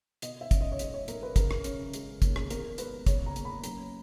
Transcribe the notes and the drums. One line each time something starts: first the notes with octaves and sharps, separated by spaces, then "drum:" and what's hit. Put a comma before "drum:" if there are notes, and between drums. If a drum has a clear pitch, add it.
B2 D#5, drum: hi-hat
E5
C#4, drum: kick, hi-hat
D#5
C#5
G#3 D#5, drum: hi-hat
C#5
B1 A#4, drum: hi-hat
B4
C#3 A#4, drum: kick, hi-hat
drum: rim click
C#4, drum: hi-hat
G#3, drum: hi-hat
D#2, drum: kick, hi-hat
drum: rim click
E2 A#4, drum: hi-hat
G#3 B4, drum: hi-hat
C#3 C#5, drum: kick, hi-hat
A#5
F#1, drum: hi-hat
B5
F#2 A#5, drum: hi-hat